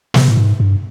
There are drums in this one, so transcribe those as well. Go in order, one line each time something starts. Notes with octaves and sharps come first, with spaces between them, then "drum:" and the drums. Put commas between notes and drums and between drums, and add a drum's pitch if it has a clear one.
C3, drum: snare
A2
G#2
G2